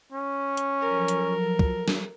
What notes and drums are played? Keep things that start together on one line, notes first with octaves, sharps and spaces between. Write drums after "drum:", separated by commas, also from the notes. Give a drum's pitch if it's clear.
C#4
drum: hi-hat
F3 F#3 A4 A#4
drum: hi-hat
drum: kick
drum: snare